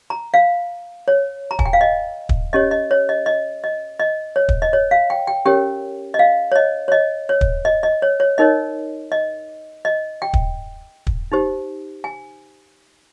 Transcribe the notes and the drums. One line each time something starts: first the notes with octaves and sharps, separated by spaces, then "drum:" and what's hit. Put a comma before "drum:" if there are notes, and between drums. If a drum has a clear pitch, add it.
A#5
F5
C#5
A#5
G#5, drum: kick
G5
F5
D#5
drum: kick
C#4 G4 C#5 D#5
D#5
C#5
D#5
D#5
D#5
D#5
C#5
drum: kick
D#5
C#5
F5
G5
G5
C#4 G4 A#4 C#5 G5
D#5
F5
C#5
D#5
C#5
D#5
C#5
drum: kick
D#5
D#5
C#5
C#5
D#4 A#4 C#5 D#5
D#5
D#5
G5
drum: kick
drum: kick
D#4 G4 C5
G#5